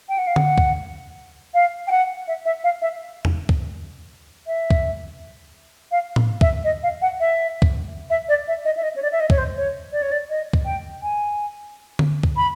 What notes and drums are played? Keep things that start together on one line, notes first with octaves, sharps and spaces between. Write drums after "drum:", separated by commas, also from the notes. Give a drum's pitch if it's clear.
G5
F#5
F5
F#5, drum: tom D3
drum: kick
F5
G5
F#5
E5
E5
F5
E5
drum: tom E2
drum: kick
E5
drum: kick
F5
drum: tom A2
E5, drum: kick
D#5
F5
F#5
E5
drum: kick
E5
D5
E5
D#5
E5
D#5
C#5
D5
E5
D#5
C#5, drum: kick
C5
C#5
D5
C#5
D5
D#5
drum: kick
G5
G#5
drum: tom D3
drum: kick
B5